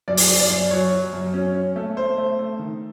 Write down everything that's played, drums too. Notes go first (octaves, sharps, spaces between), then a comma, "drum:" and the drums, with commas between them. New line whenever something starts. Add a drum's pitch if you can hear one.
F#2 D5
drum: open hi-hat
F#2
D5
F#2
F#3 C#5
F#3
F#2
C#4
C#4
A3
A3 C5
A3
A3
D#3